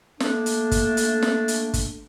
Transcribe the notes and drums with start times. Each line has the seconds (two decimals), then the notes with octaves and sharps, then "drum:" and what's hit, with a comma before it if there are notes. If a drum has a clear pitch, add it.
0.20 A3 A#3 D4, drum: snare
0.46 drum: hi-hat
0.71 drum: kick, hi-hat
0.97 drum: hi-hat
1.22 drum: snare
1.48 drum: hi-hat
1.74 drum: kick, hi-hat